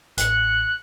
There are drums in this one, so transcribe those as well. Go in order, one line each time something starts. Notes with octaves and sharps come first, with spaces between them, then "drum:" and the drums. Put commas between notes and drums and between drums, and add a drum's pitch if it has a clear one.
A1 F#6 C#7, drum: hi-hat